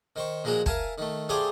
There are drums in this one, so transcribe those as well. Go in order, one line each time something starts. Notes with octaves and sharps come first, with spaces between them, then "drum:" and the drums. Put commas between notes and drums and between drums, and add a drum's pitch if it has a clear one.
D#3 C5 C#6
A#2 F3 G#3 A#3 F#4 A#5
A#4 E5 F5 G#5 A5, drum: kick
D#3 A3
A3 F4 G4 G#4 C5 D5